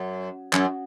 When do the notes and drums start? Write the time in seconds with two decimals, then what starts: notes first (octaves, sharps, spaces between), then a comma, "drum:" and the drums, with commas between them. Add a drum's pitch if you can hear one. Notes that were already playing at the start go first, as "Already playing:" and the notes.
Already playing: F#2
0.53 F#2, drum: clap